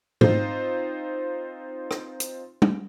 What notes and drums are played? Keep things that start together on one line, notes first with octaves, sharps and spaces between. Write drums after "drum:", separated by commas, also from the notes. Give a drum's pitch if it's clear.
C4 D#4 F4 C5, drum: tom G#2
drum: rim click
drum: hi-hat
drum: tom G3